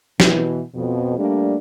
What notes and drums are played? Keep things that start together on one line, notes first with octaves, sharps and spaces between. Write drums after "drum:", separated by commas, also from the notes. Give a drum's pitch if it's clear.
B2 E3, drum: snare
F2 B2
G3 A3 A#3 D4